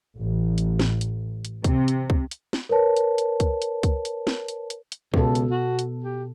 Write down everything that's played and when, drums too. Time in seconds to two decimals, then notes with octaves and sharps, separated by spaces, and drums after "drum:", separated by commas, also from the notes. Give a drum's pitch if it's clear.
0.18 A1
0.58 drum: hi-hat
0.79 drum: snare
1.01 drum: hi-hat
1.45 drum: hi-hat
1.64 C3, drum: kick, hi-hat
1.88 drum: hi-hat
2.10 drum: kick
2.31 drum: hi-hat
2.53 drum: snare
2.69 A#4 B4 C#5 A5
2.97 drum: hi-hat
3.18 drum: hi-hat
3.40 drum: kick, hi-hat
3.62 drum: hi-hat
3.83 drum: kick, hi-hat
4.05 drum: hi-hat
4.27 drum: snare
4.48 drum: hi-hat
4.70 drum: hi-hat
4.92 drum: hi-hat
5.14 C#2 B2 A4, drum: kick
5.35 drum: hi-hat
5.51 F#4
5.79 drum: hi-hat
6.04 G4